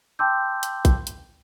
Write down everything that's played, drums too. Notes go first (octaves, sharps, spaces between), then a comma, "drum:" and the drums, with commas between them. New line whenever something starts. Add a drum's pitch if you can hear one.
G5 A5 C6 D6 E6 G6
drum: hi-hat
drum: kick, hi-hat
drum: hi-hat